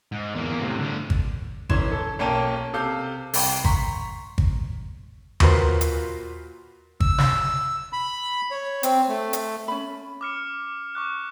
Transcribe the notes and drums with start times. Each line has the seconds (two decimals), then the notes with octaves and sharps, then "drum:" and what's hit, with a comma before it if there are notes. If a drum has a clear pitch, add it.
0.12 G#2
0.35 E2 A#3
0.61 A2 C3
0.79 D3 G3
1.10 drum: kick G#1
1.70 E1 E3 C#4 C6 G#6 E7, drum: kick G#1
1.92 A4
2.19 B1 A#3 C#4 G5 A5 D#7
2.74 C3 A4 F5 G6
3.34 C2 G5 B5, drum: open hi-hat
3.64 A#5 C6 C#6 B6, drum: kick G#1
4.38 drum: kick G#1
5.40 A#2 A#3 F4 F#4 B4 C5, drum: tom D#2
5.81 drum: hi-hat
7.00 E6, drum: kick G#1
7.18 drum: snare
7.93 B5
8.51 C#5
8.83 C4, drum: hi-hat
9.08 A3
9.33 drum: hi-hat
9.68 C#4 B5
10.21 D6 F6 C#7
10.95 C#6 D6 F#6